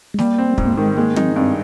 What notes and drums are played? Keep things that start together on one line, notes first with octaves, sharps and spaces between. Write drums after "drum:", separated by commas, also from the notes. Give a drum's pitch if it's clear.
G#3
G3 A#3, drum: snare
C4
G#2 G#3, drum: kick
A#3
D#3 G#3
G#3 A#3
C4 D#4, drum: tom
G2 C4